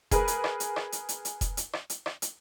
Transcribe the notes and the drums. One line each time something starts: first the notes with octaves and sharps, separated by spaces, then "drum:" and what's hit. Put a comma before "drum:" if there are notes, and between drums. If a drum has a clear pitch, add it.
G#4 A#4 B4, drum: kick F1, hi-hat
drum: hi-hat
drum: rim click
drum: hi-hat
drum: rim click
drum: hi-hat
drum: hi-hat
drum: hi-hat
drum: kick F1, hi-hat
drum: hi-hat
drum: rim click
drum: hi-hat
drum: rim click
drum: hi-hat